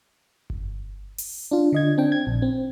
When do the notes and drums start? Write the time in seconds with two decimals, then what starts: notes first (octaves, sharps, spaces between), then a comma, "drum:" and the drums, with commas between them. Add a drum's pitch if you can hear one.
0.50 drum: kick G1
1.18 drum: open hi-hat
1.51 D4 F4
1.73 D3 D#5 G#6
1.98 C4 D4 G5
2.12 G#6
2.27 A#1
2.42 C4